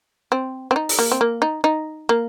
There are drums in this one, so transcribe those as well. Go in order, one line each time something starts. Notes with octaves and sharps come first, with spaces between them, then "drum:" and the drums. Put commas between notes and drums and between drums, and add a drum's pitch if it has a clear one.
C4
C4
D#4
drum: open hi-hat
A#3
C4
A#3
D#4
D#4
A#3